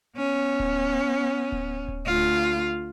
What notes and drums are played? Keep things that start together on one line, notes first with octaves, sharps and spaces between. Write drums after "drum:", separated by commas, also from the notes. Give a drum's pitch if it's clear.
B3 C#4
drum: kick D1
drum: kick D1
drum: kick D1
D2 F4